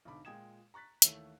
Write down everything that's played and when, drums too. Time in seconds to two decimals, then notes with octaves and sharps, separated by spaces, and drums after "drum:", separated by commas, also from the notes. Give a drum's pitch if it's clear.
0.05 B1 G#2 D3 B5 D6
0.25 A#2 G#3 G5 D#6 G#6 E7
0.74 A#5 C#6 F#6 A6 B6
1.02 D#2 E3 A3 C#5 E6, drum: hi-hat